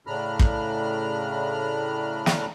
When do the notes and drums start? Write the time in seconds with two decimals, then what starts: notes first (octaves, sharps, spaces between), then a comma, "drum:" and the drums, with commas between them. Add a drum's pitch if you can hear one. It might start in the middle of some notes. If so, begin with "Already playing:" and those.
0.07 A2 C#3 D4 A#5 B5 F6
0.39 drum: kick
2.26 drum: snare